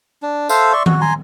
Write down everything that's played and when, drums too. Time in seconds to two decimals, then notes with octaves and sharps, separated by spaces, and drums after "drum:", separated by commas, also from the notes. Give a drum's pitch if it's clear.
0.22 D4
0.49 A4 C5 E5 F5, drum: tambourine
0.73 D5 E5 C6 C#6
0.86 F#4, drum: tom D#3
1.01 G#5 A#5 C6